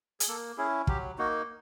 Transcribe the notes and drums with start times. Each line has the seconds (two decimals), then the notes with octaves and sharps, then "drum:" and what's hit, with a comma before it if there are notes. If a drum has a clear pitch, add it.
0.20 G#4, drum: hi-hat
0.28 A#3 A4
0.58 C#4 E4 G#4
0.87 F#3 G4, drum: kick
1.18 A#3 D#4 F#4